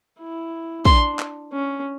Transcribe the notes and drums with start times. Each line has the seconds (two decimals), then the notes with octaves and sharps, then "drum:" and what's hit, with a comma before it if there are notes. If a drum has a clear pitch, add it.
0.20 E4
0.85 D4 C6, drum: kick
1.19 drum: clap
1.52 C#4